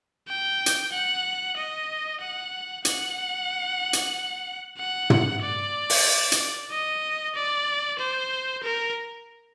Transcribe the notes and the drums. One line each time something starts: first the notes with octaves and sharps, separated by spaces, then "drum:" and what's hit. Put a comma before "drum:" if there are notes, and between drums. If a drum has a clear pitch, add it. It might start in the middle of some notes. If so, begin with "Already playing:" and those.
G5
drum: hi-hat
F#5
D#5
F#5
F#5, drum: hi-hat
drum: hi-hat
F#5
drum: tom
D5
drum: open hi-hat
drum: hi-hat
D#5
D5
C5
A#4